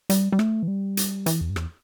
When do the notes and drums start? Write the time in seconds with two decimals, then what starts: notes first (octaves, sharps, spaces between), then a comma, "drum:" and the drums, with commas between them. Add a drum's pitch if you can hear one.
0.10 G3, drum: hi-hat
0.32 G3
0.39 A3, drum: rim click
0.63 E3
0.68 G3
0.97 drum: hi-hat
1.26 E3, drum: hi-hat
1.41 E2
1.50 G2
1.56 E2, drum: rim click